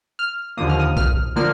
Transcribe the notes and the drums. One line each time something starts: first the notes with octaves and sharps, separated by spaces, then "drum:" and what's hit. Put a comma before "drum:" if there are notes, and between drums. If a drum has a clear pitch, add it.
F6
D#2 D3 F3 A#3 D#6
F6
D#6
F6, drum: kick B1
D3 F3 A#3 F6